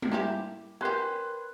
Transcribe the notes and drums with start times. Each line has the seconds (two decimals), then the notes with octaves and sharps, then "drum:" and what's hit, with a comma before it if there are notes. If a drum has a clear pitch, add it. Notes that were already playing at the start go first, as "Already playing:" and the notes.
0.02 drum: tom G3
0.12 A#3 E4 G4
0.81 C#4 G4 A#4 B4 C6 F#6 G#6